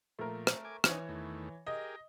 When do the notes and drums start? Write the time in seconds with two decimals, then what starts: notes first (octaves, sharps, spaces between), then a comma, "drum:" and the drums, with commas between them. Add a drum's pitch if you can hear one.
0.19 A#2 F3 A3 A#4
0.47 drum: rim click
0.65 G#5 D6
0.84 E3 C#4 D#4 C#5, drum: rim click
1.09 E2 D#3 A3
1.67 G4 G#4 A#4 D#5